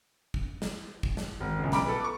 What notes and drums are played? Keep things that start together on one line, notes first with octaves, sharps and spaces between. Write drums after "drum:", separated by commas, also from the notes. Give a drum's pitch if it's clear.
drum: kick
drum: snare
drum: kick
drum: snare
G#1
A#1 C#3
B1 B5 D6 D7, drum: snare
A4 B4
C#6 D6